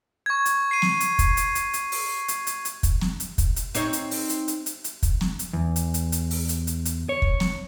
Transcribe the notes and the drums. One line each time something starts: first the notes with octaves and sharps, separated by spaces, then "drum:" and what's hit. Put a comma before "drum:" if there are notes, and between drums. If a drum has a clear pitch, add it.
C#6 G#6
drum: hi-hat
C7 D#7
drum: snare
drum: hi-hat
drum: kick, hi-hat
drum: hi-hat
drum: hi-hat
drum: hi-hat
drum: open hi-hat
drum: hi-hat
drum: hi-hat
drum: hi-hat
drum: kick, hi-hat
drum: snare
drum: hi-hat
drum: kick, hi-hat
drum: hi-hat
C4 D#4 C#5, drum: hi-hat
drum: hi-hat
drum: open hi-hat
drum: hi-hat
drum: hi-hat
drum: hi-hat
drum: hi-hat
drum: kick, hi-hat
drum: snare
drum: hi-hat
E2
drum: hi-hat
drum: hi-hat
drum: hi-hat
drum: open hi-hat
drum: hi-hat
drum: hi-hat
drum: hi-hat
C#5
drum: kick
drum: snare